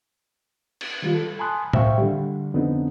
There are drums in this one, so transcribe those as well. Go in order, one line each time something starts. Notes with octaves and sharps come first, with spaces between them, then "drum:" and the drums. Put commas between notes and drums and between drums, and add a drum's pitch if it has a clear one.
drum: cymbal
D#3 G3 F4
A4
G#5 A5 B5 C6 D#6 F#6
C5 E5 F5 G5 C#6, drum: tom A2
D3 G3
F2 D3 B3 C4 D4 D#4